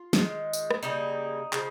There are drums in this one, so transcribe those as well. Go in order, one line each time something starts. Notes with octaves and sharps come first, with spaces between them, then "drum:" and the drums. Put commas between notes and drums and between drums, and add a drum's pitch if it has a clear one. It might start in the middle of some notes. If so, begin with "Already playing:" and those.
Already playing: F4
D#3 G#3, drum: snare
drum: tambourine
drum: rim click
C#3 G3 A#3 D#4
C#3 F3, drum: clap